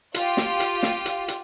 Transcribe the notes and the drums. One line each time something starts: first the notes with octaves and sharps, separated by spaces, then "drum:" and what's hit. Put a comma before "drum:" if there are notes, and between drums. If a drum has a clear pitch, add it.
F4 G4, drum: hi-hat
drum: snare
drum: hi-hat
drum: snare
drum: hi-hat
drum: hi-hat